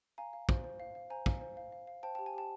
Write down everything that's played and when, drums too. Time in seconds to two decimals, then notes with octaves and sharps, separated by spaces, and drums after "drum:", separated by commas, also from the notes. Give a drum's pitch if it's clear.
0.18 F5 G#5 A#5
0.33 F5
0.49 C5, drum: kick
0.64 C5
0.80 F5
0.95 F5
1.10 C5 G#5 A#5
1.26 F5, drum: kick
1.41 C5
1.57 F5
1.72 F5
1.87 F5
2.03 C5 G5 A5
2.15 G4 G5 A5
2.26 G#5
2.34 G4 G5 A5